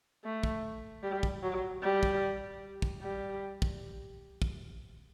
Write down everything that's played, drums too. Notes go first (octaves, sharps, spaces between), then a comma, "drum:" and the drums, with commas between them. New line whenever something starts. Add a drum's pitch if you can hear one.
A3
drum: kick
G3
drum: kick
F#3
G3
drum: kick
drum: kick
G3
drum: kick
drum: kick